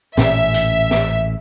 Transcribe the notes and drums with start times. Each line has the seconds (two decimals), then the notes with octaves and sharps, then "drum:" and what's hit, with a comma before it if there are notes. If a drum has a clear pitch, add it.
0.17 A1 A#2 C#4 E5, drum: snare
0.54 drum: hi-hat
0.91 drum: snare